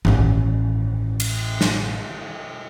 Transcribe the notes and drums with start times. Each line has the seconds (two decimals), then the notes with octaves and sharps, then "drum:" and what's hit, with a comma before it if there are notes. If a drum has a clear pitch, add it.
0.05 A1 C#4, drum: tom G2
1.20 drum: cymbal
1.61 drum: snare